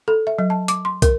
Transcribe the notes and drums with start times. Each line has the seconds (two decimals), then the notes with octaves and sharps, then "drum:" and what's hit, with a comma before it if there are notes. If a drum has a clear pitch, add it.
0.08 A4
0.27 E5
0.38 F#3
0.50 A5
0.68 D6, drum: hi-hat
0.85 C6
1.02 A#4, drum: kick, hi-hat